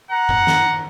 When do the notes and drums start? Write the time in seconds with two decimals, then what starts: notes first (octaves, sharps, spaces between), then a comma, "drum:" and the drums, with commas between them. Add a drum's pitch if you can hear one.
0.11 F#5 A#5
0.29 drum: kick F#1
0.47 drum: snare